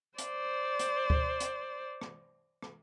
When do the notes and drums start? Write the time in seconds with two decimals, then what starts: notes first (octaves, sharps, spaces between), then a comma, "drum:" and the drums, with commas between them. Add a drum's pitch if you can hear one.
0.18 C5 D5, drum: hi-hat
0.79 drum: hi-hat
1.10 drum: kick D2
1.40 drum: hi-hat
2.01 drum: rim click
2.62 drum: rim click